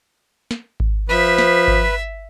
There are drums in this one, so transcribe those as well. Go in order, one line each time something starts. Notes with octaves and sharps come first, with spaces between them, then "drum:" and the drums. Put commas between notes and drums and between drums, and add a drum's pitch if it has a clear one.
drum: snare
drum: kick G#1
F3 B4 E5
drum: snare
drum: kick G#1